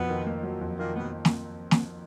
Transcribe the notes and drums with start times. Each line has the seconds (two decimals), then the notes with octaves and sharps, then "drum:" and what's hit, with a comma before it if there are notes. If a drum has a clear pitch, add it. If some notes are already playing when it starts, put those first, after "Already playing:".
Already playing: F2 B2 B3
0.09 D#3
0.27 A#3
0.43 F#3
0.61 F2
0.78 A#2 D#3 A#3
0.95 B2 A#3 B3
1.25 drum: snare
1.71 drum: snare